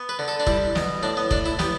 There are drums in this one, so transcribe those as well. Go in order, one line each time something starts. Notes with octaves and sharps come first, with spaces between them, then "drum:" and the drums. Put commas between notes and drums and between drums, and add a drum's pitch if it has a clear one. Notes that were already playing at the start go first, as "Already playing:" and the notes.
Already playing: B3
B4
D3
A4
D4
G3 E4, drum: kick F1
B2, drum: snare
A2 D4
B3
A3 D4, drum: kick F1
E4
B3 G4, drum: snare